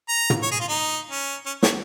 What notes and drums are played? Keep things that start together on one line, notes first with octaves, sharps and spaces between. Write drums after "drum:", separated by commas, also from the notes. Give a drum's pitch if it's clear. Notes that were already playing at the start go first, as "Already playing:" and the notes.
A#5
drum: tom
C#5
G#4
F4
D#4
C#4
C#4
C#5, drum: snare